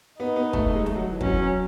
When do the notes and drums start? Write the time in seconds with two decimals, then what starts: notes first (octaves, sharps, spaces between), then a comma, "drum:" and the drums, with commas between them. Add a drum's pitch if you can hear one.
0.19 B3 D#4
0.36 B3
0.53 A3, drum: kick
0.64 A3
0.75 G#3
0.86 A3, drum: snare
0.95 F#3
1.12 E3
1.21 F#3 C#4, drum: kick